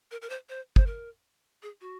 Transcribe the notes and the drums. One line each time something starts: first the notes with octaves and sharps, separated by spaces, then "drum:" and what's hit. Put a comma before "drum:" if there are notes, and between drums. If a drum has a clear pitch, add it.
A#4
A#4
C5
C5
C5, drum: kick
A#4
G#4
F#4